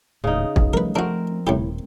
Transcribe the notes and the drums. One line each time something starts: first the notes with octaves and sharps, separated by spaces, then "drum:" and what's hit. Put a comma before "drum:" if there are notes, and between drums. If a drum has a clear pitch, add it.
D#1 D#2 A2 C#3 D#4
B1 F2, drum: kick
F3 G3 A3 A#4 B4
F3 A3 C4 D4 F#4 A#4
D#1 C2 A2 E4 G4